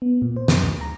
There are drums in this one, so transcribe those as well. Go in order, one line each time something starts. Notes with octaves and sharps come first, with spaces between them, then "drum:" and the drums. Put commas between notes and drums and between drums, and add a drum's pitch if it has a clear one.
B3
A#2
C5
F#2, drum: snare
D2
A#5